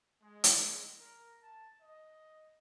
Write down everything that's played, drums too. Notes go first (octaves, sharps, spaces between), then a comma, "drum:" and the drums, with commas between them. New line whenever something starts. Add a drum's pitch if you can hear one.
G#3
drum: hi-hat
A#4
A5
D#5